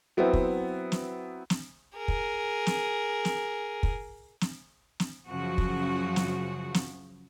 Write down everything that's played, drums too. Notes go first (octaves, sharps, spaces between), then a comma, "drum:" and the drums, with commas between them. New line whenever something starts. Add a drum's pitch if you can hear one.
F#3 B3 C4 E4
drum: kick
drum: snare
drum: snare
G#4 A#4
drum: kick
drum: snare
drum: snare
drum: kick
drum: snare
drum: snare
F#2 C#3 F3 F#4
drum: kick
drum: snare
drum: snare